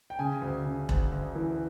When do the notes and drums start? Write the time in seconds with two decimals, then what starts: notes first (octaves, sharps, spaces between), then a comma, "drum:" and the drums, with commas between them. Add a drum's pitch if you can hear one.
0.10 G5
0.19 C#3 G#5
0.42 D2
0.65 C#3
0.89 D2, drum: kick E1
1.13 D2
1.35 E3